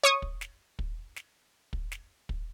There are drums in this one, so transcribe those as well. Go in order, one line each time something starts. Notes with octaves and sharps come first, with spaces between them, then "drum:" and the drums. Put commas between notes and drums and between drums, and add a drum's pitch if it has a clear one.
C#5 C#6 D#6
drum: kick
drum: snare
drum: kick
drum: snare
drum: kick
drum: snare
drum: kick